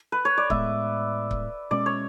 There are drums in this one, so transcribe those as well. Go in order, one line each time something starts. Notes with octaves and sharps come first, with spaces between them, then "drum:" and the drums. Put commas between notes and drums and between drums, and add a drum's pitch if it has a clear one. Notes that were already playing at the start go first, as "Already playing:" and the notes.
Already playing: A4
B4
C#5
D5
A2 G#3 B3 E5, drum: kick C#1
drum: kick C#1
B2 G#3 C#4 D5
C#5